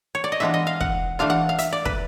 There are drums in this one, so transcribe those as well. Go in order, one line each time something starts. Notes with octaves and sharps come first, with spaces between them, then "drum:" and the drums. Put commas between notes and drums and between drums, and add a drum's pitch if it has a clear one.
C#5
D5
D#5
E3 G#3 B3 D4 F4 E5
D#5
F5
F#5, drum: kick
E3 A3 D4 F4 F5
F#5
F5
E5, drum: hi-hat
D5
B4, drum: kick